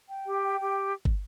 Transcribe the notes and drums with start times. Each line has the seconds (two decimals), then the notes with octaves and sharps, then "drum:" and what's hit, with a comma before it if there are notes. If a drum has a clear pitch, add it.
0.08 G5
0.26 G4
0.44 G5
0.62 G4
1.05 drum: kick